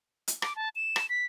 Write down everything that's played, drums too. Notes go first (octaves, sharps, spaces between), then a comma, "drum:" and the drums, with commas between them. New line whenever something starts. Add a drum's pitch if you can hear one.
drum: hi-hat
D6, drum: rim click
A5
E7
drum: rim click
B6